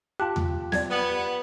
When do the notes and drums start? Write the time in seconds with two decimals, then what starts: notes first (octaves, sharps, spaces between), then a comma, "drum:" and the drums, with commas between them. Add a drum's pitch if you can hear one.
0.20 F4 G4 A5 F#6
0.36 drum: tom E2
0.72 D5 G#6, drum: snare
0.90 B3